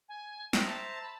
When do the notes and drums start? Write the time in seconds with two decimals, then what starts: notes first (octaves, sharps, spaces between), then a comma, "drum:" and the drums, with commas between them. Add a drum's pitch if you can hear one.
0.08 G#5
0.53 C5 E5 G5 A#5, drum: snare
0.66 A5
1.03 B5